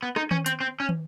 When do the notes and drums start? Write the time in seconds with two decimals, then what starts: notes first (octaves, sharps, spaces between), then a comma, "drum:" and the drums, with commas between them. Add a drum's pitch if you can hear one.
0.03 B3
0.16 D#4, drum: rim click
0.31 C#4, drum: tom D#3
0.46 C4, drum: hi-hat
0.60 C4
0.80 C#4
0.89 drum: tom